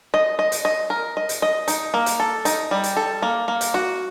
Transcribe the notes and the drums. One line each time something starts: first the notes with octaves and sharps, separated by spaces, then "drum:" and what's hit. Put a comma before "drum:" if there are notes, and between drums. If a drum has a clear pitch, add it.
D#5
D#5
drum: hi-hat
D#5
A#4
D#5
drum: hi-hat
D#5
D#4, drum: hi-hat
A#3
drum: hi-hat
A4
D#4, drum: hi-hat
G3
drum: hi-hat
A4
A#3
A#3
drum: hi-hat
F#4